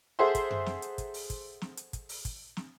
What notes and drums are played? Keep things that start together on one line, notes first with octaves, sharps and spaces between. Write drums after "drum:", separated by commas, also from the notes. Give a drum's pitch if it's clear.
G#4 A4 C5 E5 F#5 C6
drum: kick, hi-hat
drum: tom F#2
drum: snare
drum: hi-hat
drum: kick, hi-hat
drum: open hi-hat
drum: kick, hi-hat
drum: snare
drum: hi-hat
drum: kick, hi-hat
drum: open hi-hat
drum: kick, hi-hat
drum: snare